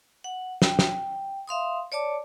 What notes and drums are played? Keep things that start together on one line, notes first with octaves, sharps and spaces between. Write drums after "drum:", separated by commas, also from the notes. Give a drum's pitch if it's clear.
F#5
G5, drum: snare
drum: snare
E5 F5 C6 D#6
C#5 D5 A5 D6